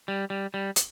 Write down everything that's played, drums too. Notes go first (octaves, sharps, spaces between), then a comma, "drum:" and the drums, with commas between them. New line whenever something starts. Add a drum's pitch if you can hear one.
G3
G3
G3
drum: hi-hat